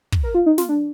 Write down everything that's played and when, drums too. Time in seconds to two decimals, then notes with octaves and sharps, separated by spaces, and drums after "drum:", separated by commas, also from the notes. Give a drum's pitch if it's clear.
0.12 drum: kick
0.23 A#4
0.35 F4
0.46 D#4
0.58 F4, drum: snare
0.69 D4